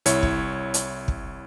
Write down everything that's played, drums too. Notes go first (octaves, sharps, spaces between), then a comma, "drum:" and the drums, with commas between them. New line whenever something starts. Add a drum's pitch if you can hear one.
C2 E4 C#5, drum: hi-hat
drum: kick
drum: hi-hat
drum: kick